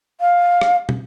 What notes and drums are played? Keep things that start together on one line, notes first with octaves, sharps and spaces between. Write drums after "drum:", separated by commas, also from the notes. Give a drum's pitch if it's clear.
F5
drum: rim click
drum: tom